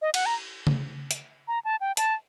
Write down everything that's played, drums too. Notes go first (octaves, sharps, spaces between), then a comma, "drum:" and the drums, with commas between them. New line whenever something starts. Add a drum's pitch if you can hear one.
D#5
F#5, drum: cymbal
A#5
drum: tom C#3
drum: hi-hat
A#5
A5
G5
A5, drum: hi-hat